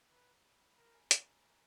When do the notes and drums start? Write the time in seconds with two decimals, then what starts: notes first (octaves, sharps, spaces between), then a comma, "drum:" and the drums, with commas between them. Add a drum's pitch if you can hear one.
0.12 B4 A#5
0.45 B5
0.72 B5
0.78 A#4 A#5
0.94 G#5
1.11 A#5, drum: hi-hat